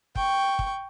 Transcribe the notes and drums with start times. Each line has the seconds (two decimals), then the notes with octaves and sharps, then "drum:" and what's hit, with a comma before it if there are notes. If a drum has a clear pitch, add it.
0.15 G5 C#6, drum: kick
0.59 drum: kick